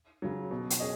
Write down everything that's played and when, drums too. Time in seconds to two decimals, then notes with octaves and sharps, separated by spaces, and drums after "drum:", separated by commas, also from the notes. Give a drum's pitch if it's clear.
0.22 C#3 F#3
0.51 B2
0.70 drum: hi-hat
0.80 C#4 G#4 D#5